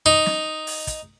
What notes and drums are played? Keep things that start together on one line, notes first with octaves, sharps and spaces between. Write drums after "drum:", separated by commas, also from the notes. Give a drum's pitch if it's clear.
D#4
drum: snare
drum: open hi-hat
drum: kick, hi-hat